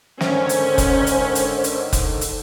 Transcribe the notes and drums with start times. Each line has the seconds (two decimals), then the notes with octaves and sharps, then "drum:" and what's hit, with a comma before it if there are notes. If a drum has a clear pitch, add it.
0.21 G#2 D3 D#3 C#4 C5, drum: snare
0.49 drum: hi-hat
0.78 drum: kick, hi-hat
1.07 drum: hi-hat
1.35 drum: hi-hat
1.64 drum: hi-hat
1.93 drum: kick, hi-hat
2.21 drum: hi-hat